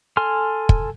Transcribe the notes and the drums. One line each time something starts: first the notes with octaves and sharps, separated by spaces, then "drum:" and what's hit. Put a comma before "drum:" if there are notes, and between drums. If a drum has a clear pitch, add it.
A4 G#5 C6 F6
drum: kick